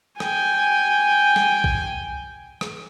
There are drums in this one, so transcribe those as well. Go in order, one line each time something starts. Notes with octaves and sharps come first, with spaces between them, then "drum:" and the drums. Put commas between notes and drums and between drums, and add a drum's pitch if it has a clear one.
G5 G#5, drum: rim click
drum: snare
drum: kick A#1
drum: rim click